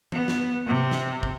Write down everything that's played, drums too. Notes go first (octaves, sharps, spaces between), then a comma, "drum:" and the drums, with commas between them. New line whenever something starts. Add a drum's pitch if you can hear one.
B3, drum: tom E3
drum: snare
C3
drum: snare
drum: kick